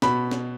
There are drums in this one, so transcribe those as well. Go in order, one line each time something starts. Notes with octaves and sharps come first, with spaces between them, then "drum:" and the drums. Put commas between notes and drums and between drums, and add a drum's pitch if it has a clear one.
B2 B5, drum: snare
drum: snare